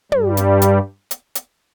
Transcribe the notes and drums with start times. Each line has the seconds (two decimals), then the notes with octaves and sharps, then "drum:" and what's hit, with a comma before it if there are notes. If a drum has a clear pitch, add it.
0.12 G2 G3, drum: tom
0.37 drum: hi-hat
0.62 drum: hi-hat
1.11 drum: hi-hat
1.35 drum: hi-hat